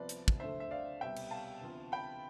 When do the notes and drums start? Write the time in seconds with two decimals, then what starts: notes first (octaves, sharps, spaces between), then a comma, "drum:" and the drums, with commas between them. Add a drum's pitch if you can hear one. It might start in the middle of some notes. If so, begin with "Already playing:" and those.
Already playing: C2 C3 F3 B3 B4 D5
0.09 drum: hi-hat
0.28 drum: kick
0.40 D2 D3 A3 C5 E5
0.60 E5
0.71 D5 F5
1.00 C2 B2 G3 E5 G5
1.16 drum: cymbal
1.31 F5 A5
1.61 D2 C3 E3 B3 F4
1.92 G5 B5